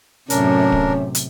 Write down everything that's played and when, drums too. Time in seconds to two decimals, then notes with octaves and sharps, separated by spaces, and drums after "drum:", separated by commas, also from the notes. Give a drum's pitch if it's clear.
0.30 F#2 A2 C3 C#4 D4 A#4, drum: hi-hat
0.72 drum: kick D1
1.15 drum: hi-hat